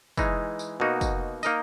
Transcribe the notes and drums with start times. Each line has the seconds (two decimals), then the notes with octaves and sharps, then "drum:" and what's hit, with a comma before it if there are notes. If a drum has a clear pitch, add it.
0.18 E3 G#3 D#4, drum: kick, tambourine
0.59 drum: tambourine
0.80 B2 A#3 D#4 F#4
1.01 drum: kick, tambourine
1.43 A#3 D#4 A#4 D#5, drum: tambourine